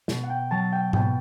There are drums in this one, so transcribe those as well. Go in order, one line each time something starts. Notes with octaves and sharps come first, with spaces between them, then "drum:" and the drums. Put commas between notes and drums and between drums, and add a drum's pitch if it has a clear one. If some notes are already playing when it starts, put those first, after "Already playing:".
B2, drum: snare
F#5
G5
F#3 A5
G5
B2 G5, drum: tom G#2